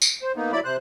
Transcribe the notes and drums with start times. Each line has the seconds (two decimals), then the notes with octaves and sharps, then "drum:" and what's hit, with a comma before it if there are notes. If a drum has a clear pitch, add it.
0.02 drum: tambourine
0.22 C5
0.36 A#3 B3 D#4
0.52 F#3 E4 D5 B5
0.64 C3 C5 F#6